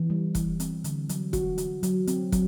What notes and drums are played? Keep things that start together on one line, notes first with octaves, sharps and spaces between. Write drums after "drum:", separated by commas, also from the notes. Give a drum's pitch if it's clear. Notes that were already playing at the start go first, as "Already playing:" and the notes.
Already playing: E3
G3
E3, drum: kick, hi-hat
C4, drum: hi-hat
D3, drum: hi-hat
F#3, drum: hi-hat
F#4, drum: kick, hi-hat
F#4, drum: hi-hat
F#3, drum: hi-hat
C4, drum: hi-hat
F#3, drum: kick, hi-hat